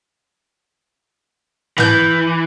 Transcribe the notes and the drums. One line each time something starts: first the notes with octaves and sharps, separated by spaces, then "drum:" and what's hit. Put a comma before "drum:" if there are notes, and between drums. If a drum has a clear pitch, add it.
E3 B4 G6, drum: tom G#2